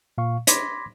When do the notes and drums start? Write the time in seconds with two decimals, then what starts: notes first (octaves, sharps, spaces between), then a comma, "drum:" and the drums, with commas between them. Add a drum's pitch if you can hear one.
0.18 A#2 F5 C#6
0.47 B5 C6 D6 G#6 A#6 B6, drum: hi-hat